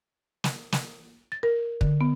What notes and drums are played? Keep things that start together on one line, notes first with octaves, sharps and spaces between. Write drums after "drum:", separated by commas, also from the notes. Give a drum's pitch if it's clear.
drum: snare
drum: snare
A6
A#4
D3, drum: kick
B3